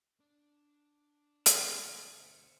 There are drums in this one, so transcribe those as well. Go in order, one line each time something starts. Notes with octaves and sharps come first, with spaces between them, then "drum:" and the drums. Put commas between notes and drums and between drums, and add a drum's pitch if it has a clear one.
D4
D2 B2, drum: hi-hat
C5 E5 C#7